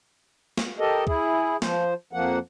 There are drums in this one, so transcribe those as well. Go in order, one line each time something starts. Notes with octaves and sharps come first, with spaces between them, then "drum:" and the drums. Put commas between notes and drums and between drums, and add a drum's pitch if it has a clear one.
drum: snare
G4 A4 A#4 D#5
E4 G#4, drum: kick
F3 C5, drum: snare
F2 F3 A#3 F#5